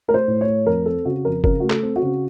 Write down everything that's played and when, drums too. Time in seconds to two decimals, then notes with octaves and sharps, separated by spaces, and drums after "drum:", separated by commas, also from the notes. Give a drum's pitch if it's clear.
0.08 A3 A#4
0.14 C5
0.28 A2
0.41 C#5
0.46 A3
0.66 F2 A#4
0.86 C4 A4
1.05 C#3 F#4
1.25 F2 A#4
1.44 C#3 A#4, drum: kick F#1
1.60 A3 F#4
1.70 A4, drum: clap
1.83 C4
1.96 F#4
2.02 C#3